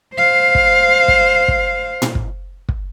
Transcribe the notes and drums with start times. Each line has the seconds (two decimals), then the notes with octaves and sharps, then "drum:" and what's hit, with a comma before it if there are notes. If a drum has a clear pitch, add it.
0.15 C5 F5
0.55 drum: kick
1.08 drum: kick
1.48 drum: kick
2.02 drum: tom A2
2.15 drum: kick
2.69 drum: kick